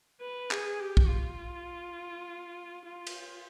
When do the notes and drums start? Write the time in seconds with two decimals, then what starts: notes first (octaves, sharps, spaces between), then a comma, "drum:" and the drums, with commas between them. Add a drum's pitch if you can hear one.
0.21 B4
0.51 G#4, drum: clap
0.80 G4
0.97 drum: kick
1.09 F4
2.85 F4
3.07 drum: cymbal